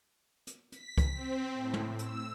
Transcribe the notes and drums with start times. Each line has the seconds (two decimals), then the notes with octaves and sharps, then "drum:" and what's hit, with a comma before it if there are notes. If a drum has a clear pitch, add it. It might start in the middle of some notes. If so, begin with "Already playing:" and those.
0.47 drum: hi-hat
0.72 B6, drum: hi-hat
0.98 drum: kick C#2, hi-hat
1.13 C4
1.54 A2
1.74 drum: tom
1.99 E6, drum: hi-hat